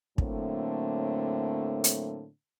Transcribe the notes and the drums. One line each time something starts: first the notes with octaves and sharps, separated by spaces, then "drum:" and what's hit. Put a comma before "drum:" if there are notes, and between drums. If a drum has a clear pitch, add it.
A2 D3 F#3 A3 A#3 C4, drum: kick
drum: hi-hat